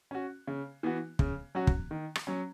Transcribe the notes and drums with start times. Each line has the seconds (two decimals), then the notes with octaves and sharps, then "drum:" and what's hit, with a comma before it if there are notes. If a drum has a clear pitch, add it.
0.11 C#4 F#4
0.47 C#3
0.83 E3 B3 F#4
1.19 C#3, drum: kick
1.55 F#3 C#4 F#4
1.67 drum: kick
1.91 D#3
2.15 drum: rim click
2.27 F#3 C#4